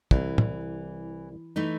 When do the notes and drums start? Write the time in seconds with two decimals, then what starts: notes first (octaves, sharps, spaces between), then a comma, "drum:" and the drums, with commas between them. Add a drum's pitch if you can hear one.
0.11 C2 E3, drum: kick
0.38 drum: tom
1.56 E3 A3 D#4